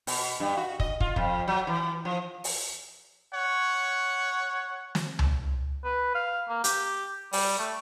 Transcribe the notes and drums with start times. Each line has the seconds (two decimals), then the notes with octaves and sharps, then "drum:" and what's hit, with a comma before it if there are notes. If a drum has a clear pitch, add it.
0.07 B2, drum: open hi-hat
0.40 G2
0.57 F#4
0.80 D#5, drum: kick
1.00 F4, drum: kick
1.16 F2, drum: kick
1.48 F#3
1.67 E3
2.05 F3
2.44 drum: open hi-hat
3.33 C#5 F#5
4.95 drum: snare
5.19 drum: tom C#2
5.84 B4
6.15 F5
6.49 A#3
6.64 G4, drum: hi-hat
7.33 G3, drum: open hi-hat
7.59 A3